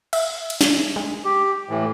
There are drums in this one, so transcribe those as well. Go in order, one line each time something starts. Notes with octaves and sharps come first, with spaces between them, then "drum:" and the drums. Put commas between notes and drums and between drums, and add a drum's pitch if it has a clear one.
E5, drum: cymbal
drum: cymbal
G#3, drum: snare
G#3
G4
A2 E3